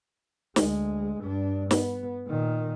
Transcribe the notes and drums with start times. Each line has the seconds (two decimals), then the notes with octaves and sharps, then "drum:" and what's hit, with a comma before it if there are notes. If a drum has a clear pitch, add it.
0.56 D2 G#3, drum: snare
1.21 G2 D4
1.71 B3, drum: snare
2.26 A#2 D#3